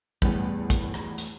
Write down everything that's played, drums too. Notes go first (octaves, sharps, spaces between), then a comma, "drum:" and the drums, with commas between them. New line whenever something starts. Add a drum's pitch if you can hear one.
E2 A2 G3 B3, drum: kick
drum: kick, hi-hat
drum: rim click
drum: hi-hat